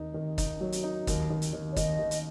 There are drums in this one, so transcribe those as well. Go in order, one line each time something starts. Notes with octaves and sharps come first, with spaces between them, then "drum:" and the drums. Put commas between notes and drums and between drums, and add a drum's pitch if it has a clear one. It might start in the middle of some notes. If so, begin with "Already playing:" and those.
Already playing: D#2 D#4
D#3
D#4, drum: kick, hi-hat
F#3
drum: hi-hat
D#4
D#2 D#5, drum: kick, hi-hat
D#3
drum: hi-hat
D#3
C#5
D#3 D#5, drum: kick, hi-hat
D#3
drum: hi-hat